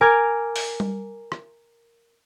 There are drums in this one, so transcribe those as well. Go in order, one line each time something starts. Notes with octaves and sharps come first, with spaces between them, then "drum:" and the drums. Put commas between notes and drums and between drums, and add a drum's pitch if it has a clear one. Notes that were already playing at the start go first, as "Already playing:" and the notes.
A#4 G#5 D6 F6 G#6
drum: open hi-hat
drum: tom G3
drum: rim click